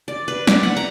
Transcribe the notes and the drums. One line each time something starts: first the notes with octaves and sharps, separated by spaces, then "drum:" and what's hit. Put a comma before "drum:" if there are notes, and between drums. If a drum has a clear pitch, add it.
D5
B4
D5, drum: snare
F#5
A#5